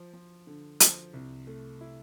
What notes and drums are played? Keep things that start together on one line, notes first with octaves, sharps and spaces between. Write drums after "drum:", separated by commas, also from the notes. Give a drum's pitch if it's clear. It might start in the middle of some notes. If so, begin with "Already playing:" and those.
Already playing: F3
F3
D3
F3, drum: hi-hat
C2
A3
E4